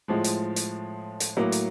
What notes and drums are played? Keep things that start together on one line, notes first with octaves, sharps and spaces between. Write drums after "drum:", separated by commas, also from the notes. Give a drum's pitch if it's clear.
A2 F3 G#3
drum: hi-hat
drum: hi-hat
drum: hi-hat
A2 F#3 A#3
drum: hi-hat